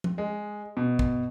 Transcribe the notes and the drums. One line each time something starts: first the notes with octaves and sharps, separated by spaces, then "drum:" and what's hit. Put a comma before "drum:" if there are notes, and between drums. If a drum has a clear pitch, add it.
drum: tom F3
G#3
B2
drum: kick